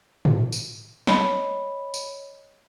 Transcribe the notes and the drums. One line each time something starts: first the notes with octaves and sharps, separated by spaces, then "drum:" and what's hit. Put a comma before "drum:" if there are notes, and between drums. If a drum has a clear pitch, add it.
drum: tom G#2
drum: tambourine
C#5 D#5 B5, drum: snare
drum: tambourine